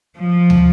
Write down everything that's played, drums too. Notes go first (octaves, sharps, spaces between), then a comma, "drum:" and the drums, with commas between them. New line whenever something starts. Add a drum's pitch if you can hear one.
F3
drum: tom